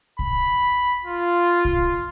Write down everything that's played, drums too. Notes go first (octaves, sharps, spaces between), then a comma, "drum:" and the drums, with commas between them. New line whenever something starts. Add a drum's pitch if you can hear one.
B5, drum: kick
F4
drum: kick